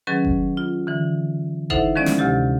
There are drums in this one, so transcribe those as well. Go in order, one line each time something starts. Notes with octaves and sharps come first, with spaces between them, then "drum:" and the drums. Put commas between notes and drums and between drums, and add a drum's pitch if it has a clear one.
D#3 F#3 C#4 G#4 B4
drum: kick F#1
F4
D3 E3
D#4 E4 A4 C5 E5 F#5, drum: kick F#1
D#3 F3 G#3 C#4 D5
drum: snare
D2 C3 G4 A6